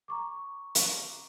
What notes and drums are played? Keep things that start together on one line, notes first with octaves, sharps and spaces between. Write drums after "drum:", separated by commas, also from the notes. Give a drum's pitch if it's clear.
A#5 C#6 D6
drum: hi-hat